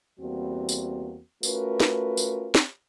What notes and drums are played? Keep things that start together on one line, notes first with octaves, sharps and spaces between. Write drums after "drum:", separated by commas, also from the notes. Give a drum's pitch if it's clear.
E2 G3 A#3 C4 F#4
drum: tambourine
A3 C#4 F4 F#4 A#4 B4, drum: tambourine
drum: snare
drum: tambourine
drum: snare